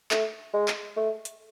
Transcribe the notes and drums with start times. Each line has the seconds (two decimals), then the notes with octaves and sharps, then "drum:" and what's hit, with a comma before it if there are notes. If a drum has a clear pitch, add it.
0.11 A3, drum: clap
0.54 G#3
0.68 drum: clap
0.97 A3
1.25 drum: hi-hat